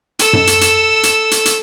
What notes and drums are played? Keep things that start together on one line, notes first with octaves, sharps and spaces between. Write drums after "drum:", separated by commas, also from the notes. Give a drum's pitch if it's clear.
A4 E6, drum: hi-hat
drum: tom F#2
drum: hi-hat
drum: hi-hat
drum: hi-hat
drum: hi-hat
drum: hi-hat